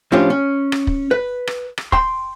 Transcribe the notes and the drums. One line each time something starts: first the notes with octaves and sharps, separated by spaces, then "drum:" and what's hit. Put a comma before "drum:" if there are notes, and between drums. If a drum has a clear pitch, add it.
A2 F3 C#4 D4 F4 G4
C#4
drum: rim click
drum: kick
B4
drum: rim click
drum: rim click
G5 C6, drum: kick